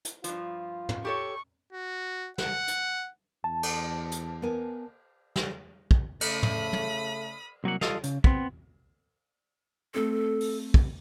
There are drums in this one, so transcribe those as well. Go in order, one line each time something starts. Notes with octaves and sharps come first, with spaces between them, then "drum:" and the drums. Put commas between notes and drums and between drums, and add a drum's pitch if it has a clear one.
drum: hi-hat
G2 F3 F4, drum: hi-hat
drum: tom
G4 A4 C#5 C#6
F#4
F#5, drum: snare
drum: hi-hat
E2 A5
drum: cymbal
drum: hi-hat
B3 A#4 G#5
drum: snare
drum: kick
C#3 A3 B5 D#6, drum: cymbal
drum: tom
drum: tom
C2 F#3 A#3 F#5
F4 A4 D#5 F5, drum: snare
C#3, drum: hi-hat
B3 C4, drum: kick
A3 C4 A4
drum: open hi-hat
drum: kick